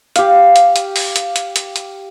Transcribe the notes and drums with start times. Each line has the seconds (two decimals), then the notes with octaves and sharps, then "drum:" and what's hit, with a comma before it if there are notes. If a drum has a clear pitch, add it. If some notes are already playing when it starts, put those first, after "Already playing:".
0.16 G4 F5, drum: hi-hat
0.56 drum: hi-hat
0.76 drum: hi-hat
0.96 drum: open hi-hat
1.16 drum: hi-hat
1.36 drum: hi-hat
1.56 drum: hi-hat
1.76 drum: hi-hat